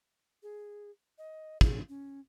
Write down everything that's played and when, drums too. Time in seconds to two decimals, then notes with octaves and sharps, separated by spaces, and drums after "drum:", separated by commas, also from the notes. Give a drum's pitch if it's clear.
0.43 G#4
1.18 D#5
1.61 G#4, drum: kick
1.89 C#4